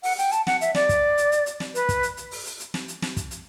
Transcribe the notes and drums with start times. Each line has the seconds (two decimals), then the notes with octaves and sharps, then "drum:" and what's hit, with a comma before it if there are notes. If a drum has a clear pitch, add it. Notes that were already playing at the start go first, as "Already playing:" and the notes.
0.03 F#5, drum: open hi-hat
0.18 G5, drum: hi-hat
0.32 A5, drum: hi-hat
0.47 F#5, drum: snare
0.61 E5, drum: hi-hat
0.75 D5, drum: snare
0.89 drum: kick, hi-hat
1.18 drum: hi-hat
1.32 drum: hi-hat
1.46 drum: hi-hat
1.60 drum: snare
1.75 B4, drum: hi-hat
1.89 drum: kick, hi-hat
2.03 drum: hi-hat
2.17 drum: hi-hat
2.31 drum: open hi-hat
2.45 drum: hi-hat
2.60 drum: hi-hat
2.74 drum: snare
2.88 drum: hi-hat
3.02 drum: snare
3.17 drum: kick, hi-hat
3.31 drum: hi-hat